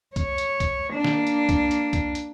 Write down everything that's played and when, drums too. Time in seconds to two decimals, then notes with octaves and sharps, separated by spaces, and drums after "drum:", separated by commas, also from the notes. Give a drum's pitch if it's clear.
0.16 C#5, drum: kick C2, hi-hat
0.38 drum: hi-hat
0.60 drum: kick C2, hi-hat
0.91 A#3 D4
1.05 drum: snare
1.27 drum: hi-hat
1.49 drum: kick C2, hi-hat
1.71 drum: hi-hat
1.93 drum: kick C2, hi-hat
2.15 drum: hi-hat